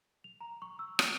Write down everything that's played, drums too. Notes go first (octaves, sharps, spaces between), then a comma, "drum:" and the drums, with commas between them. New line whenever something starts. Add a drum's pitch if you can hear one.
F7
A#5
C#6
E6
D#6, drum: rim click